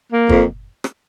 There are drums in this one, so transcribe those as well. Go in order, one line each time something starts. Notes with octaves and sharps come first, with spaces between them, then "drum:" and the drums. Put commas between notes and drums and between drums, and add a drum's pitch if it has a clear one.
A#3
F2, drum: kick
drum: rim click